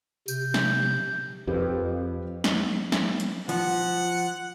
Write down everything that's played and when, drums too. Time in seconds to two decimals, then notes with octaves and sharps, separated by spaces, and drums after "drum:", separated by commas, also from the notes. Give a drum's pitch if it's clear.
0.28 C3 G6, drum: tambourine
0.54 drum: snare
1.47 F2 G4 B4
2.44 drum: snare
2.92 drum: snare
3.20 drum: hi-hat
3.49 F3 F#5, drum: hi-hat